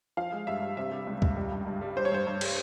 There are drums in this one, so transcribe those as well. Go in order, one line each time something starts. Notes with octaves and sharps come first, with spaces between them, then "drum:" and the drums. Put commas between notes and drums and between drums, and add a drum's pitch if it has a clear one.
F3 F5
G#3
G2 E5
G2
C3 E5
G3
C#2
C#2, drum: kick C#2
G3
G2
G2
G3
G3 C5
C#5
G2 C5
G2
G3, drum: cymbal